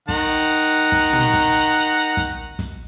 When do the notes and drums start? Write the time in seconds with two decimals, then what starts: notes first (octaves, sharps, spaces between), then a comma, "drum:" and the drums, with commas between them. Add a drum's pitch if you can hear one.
0.09 D#3 F#5 A#5, drum: kick, hi-hat
0.29 drum: hi-hat
0.50 drum: hi-hat
0.71 drum: hi-hat
0.92 drum: kick, hi-hat
1.13 drum: tom
1.34 drum: kick, hi-hat
1.55 drum: hi-hat
1.75 drum: hi-hat
1.96 drum: hi-hat
2.17 drum: kick, hi-hat
2.59 drum: kick, hi-hat